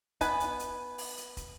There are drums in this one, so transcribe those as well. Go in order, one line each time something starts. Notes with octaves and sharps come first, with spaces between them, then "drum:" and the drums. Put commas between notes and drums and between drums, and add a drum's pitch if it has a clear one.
B3 B4 G#5, drum: kick, hi-hat
drum: hi-hat
drum: hi-hat
drum: open hi-hat
drum: hi-hat
drum: kick, hi-hat